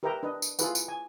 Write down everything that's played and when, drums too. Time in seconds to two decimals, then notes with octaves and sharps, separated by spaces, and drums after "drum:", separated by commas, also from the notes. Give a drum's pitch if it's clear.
0.03 G4 A#4 B4 E5 G5 A#5
0.23 D4 B4 D#5
0.42 drum: tambourine
0.59 E4 F4 G#4 A4 B4 F#5, drum: tambourine
0.75 drum: tambourine
0.88 G#5